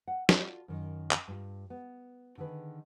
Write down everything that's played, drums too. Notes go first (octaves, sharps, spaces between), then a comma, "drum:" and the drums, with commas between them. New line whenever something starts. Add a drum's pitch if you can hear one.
F#5
F4 F#4 A4 D5, drum: snare
F#2 D#3
drum: clap
G2 F4
B3
D3 D#3 G#4 B4